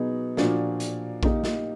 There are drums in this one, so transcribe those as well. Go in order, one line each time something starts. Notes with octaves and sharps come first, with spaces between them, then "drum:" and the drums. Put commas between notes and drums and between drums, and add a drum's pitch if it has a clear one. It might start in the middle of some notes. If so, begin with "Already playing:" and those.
Already playing: B2 F#3 B3 D#4 G#4
A#2 F3 A#3 D4 F#4, drum: snare
drum: hi-hat
A#3 D#4 G4, drum: kick A#1
drum: snare